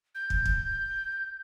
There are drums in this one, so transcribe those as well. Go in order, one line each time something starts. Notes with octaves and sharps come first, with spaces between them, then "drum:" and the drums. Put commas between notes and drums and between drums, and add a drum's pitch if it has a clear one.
G6
drum: kick
drum: kick